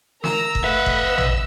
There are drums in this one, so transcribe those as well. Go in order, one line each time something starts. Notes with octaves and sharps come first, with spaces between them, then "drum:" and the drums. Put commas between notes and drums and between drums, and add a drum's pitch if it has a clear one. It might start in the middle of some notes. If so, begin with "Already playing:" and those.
A#4 A#5 E6, drum: snare
drum: kick F#1
A3 B4 D#5 E5 F#5
drum: kick F#1
E6
drum: tom